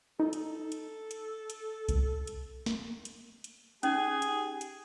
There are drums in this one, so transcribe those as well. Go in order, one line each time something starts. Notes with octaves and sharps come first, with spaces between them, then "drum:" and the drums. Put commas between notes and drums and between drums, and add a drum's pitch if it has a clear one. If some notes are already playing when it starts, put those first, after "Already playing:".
D#4 A4
drum: hi-hat
drum: hi-hat
drum: hi-hat
drum: hi-hat
drum: kick C2, hi-hat
drum: hi-hat
drum: snare
drum: hi-hat
drum: hi-hat
C#4 D#4 G4 G#4 G#5, drum: hi-hat
drum: hi-hat
drum: hi-hat